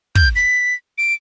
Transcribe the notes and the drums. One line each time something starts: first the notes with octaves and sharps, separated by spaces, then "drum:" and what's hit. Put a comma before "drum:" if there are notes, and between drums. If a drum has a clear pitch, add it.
G6, drum: kick
B6
D7